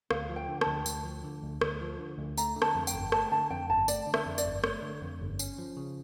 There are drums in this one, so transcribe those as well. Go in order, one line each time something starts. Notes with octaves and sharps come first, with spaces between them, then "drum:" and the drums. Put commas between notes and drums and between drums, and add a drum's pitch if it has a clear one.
D2 F5, drum: rim click
F3
G5
D3
A5, drum: rim click
D2
D2, drum: tambourine
F3
D3
D2
D2, drum: rim click
F3
D3
D2
A3 A#5, drum: tambourine
D3
A5, drum: rim click
F2
G5, drum: tambourine
G1
A3 A5, drum: rim click
D3 A5
F2 G5
G1 A5
A3 D5, drum: tambourine
D3
E5, drum: rim click
F2
D5, drum: tambourine
G1
A3 C#5, drum: rim click
D3
F2
G1
C#4, drum: tambourine
F3
C#3